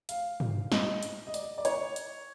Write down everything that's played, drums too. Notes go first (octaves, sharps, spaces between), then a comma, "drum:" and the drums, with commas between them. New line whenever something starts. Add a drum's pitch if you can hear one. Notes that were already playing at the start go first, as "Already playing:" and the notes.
F5, drum: hi-hat
drum: tom
D#5, drum: snare
drum: hi-hat
D#5
D5, drum: hi-hat
D5
C#5, drum: hi-hat
drum: hi-hat